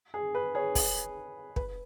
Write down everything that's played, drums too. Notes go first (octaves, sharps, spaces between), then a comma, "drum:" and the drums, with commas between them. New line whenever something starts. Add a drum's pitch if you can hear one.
G#4
B4
G#4 C#5
drum: kick, open hi-hat
B4, drum: kick